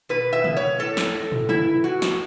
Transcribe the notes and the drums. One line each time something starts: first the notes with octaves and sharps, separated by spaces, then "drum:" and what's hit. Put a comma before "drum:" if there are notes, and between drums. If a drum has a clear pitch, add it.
B2 B4
E5
B3, drum: tom
C#5
A2 A4
drum: snare
A2
drum: tom
E3 E4, drum: tom
A2 F#4
drum: snare